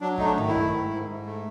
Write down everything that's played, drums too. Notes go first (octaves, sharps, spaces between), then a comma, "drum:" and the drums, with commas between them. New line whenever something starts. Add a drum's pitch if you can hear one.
F#3 D4
A3 D#4, drum: kick
D4
D#3, drum: tom
E4
A3, drum: kick
G#2
G#2
G#2
A3